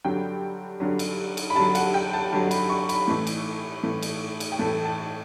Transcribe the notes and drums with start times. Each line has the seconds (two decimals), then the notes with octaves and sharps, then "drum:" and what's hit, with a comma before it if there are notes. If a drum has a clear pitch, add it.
0.05 G2 D3 F#3 G5
0.80 G2 D3 F#3
0.99 drum: cymbal
1.37 drum: cymbal
1.50 B5
1.56 G2 D3 F#3 A5
1.75 F#5, drum: cymbal
1.94 G5
2.14 A5
2.32 G2 D3 F#3 A5
2.51 B5, drum: cymbal
2.70 C#6
2.89 B5, drum: cymbal
3.08 A2 E3 A3
3.27 drum: cymbal
3.83 A2 E3 A3
4.02 drum: cymbal
4.40 drum: cymbal
4.52 G5
4.59 A2 E3 A3 A5
4.85 A5